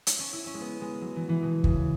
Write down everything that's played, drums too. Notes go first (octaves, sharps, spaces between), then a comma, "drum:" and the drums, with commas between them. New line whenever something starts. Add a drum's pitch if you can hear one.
drum: hi-hat
C#4
E4
C#4
G#3
B3
G#3
F#3
E3
E3
B2
C#3, drum: kick